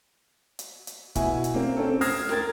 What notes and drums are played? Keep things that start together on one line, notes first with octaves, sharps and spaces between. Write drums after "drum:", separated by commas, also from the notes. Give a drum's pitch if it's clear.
drum: hi-hat
drum: hi-hat
B2 E4 G#5, drum: kick, hi-hat
drum: hi-hat
A#3 C4
C4 C#4 A4
D#6 F6 G#6 A#6 C7 E7, drum: open hi-hat
A#4 G5 G#6 A6, drum: snare